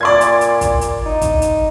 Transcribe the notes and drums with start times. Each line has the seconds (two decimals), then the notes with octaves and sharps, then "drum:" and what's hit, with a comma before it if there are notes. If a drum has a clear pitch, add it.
0.01 A#2 D5 C6 G#6
0.21 drum: hi-hat
0.41 drum: hi-hat
0.61 drum: kick, hi-hat
0.81 drum: hi-hat
1.05 D#4
1.21 drum: kick, hi-hat
1.42 drum: hi-hat